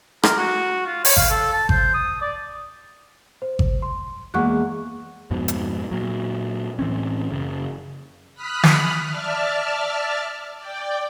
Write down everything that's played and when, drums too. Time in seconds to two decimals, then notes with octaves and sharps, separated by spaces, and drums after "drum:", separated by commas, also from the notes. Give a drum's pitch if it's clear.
0.23 A#4, drum: rim click
0.38 F#4
0.87 F4
1.05 C#5, drum: open hi-hat
1.17 F5, drum: kick G#1
1.30 A4
1.53 A5
1.69 C5, drum: kick G#1
1.94 D#6
2.21 D5
3.42 C5
3.59 drum: kick G#1
3.82 C6
4.34 E2 G#3 A#3 F#5 C#6 F#6
5.31 F2 G#2 B2
5.48 drum: hi-hat
5.91 A#2 F#3
6.79 A2 E3 C4 C#4
7.31 F#1 C#3
8.35 B5 D#6 F6 F#6 B6
8.63 drum: snare
9.07 D5 E5 A5 F6
10.56 D5 G5